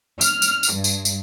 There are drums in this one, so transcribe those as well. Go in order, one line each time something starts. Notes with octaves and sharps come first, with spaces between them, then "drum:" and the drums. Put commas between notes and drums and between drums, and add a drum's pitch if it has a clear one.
F6, drum: tambourine
drum: tambourine
drum: tambourine
G2
drum: tambourine
drum: tambourine